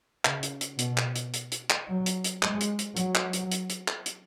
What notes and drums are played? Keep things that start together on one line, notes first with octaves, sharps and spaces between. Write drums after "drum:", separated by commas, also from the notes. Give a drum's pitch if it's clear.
C#3, drum: clap
drum: hi-hat
drum: hi-hat
B2, drum: hi-hat
drum: clap
drum: hi-hat
drum: hi-hat
drum: hi-hat
drum: clap
F#3
drum: hi-hat
drum: hi-hat
G#3, drum: clap
drum: hi-hat
drum: hi-hat
F#3, drum: hi-hat
drum: clap
drum: hi-hat
drum: hi-hat
drum: hi-hat
drum: clap
drum: hi-hat